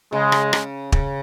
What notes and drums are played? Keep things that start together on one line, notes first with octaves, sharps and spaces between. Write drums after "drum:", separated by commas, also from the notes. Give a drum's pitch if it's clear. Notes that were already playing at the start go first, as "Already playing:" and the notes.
C#3 G#3
drum: rim click
C#3, drum: rim click
C#3, drum: kick